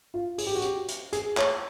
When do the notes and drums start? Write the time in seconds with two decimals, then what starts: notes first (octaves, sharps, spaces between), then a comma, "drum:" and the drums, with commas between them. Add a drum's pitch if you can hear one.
0.14 F4
0.38 G#4, drum: open hi-hat
0.47 G4
0.55 F#4
0.62 G4, drum: hi-hat
0.88 drum: hi-hat
1.13 G#4, drum: hi-hat
1.37 C#5, drum: clap